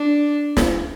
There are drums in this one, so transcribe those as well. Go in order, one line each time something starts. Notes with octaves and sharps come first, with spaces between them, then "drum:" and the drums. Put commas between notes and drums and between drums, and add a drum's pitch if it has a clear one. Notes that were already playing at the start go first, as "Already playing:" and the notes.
Already playing: D4
drum: snare